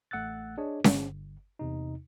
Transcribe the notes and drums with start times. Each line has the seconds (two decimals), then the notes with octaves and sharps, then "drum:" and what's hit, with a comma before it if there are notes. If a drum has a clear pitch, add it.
0.11 A1 A3 F#5 E6 F#6 A6
0.58 D4 G#4 C#5 D#5
0.84 G1, drum: snare C#4
1.59 E2 C3 D#4